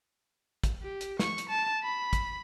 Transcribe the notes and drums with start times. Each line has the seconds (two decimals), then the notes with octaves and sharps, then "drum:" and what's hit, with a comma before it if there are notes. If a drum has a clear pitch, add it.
0.63 drum: kick, hi-hat
0.82 G4
1.01 drum: hi-hat
1.19 C#6, drum: snare
1.38 drum: hi-hat
1.49 A5
1.83 B5
2.13 drum: kick, hi-hat